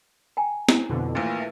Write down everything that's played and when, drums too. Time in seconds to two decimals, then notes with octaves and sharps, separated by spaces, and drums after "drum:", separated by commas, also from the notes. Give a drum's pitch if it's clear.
0.37 G5 G#5 A#5
0.69 E4, drum: snare
0.89 F2 B2 D3
1.15 A#1 A#2 E3 A3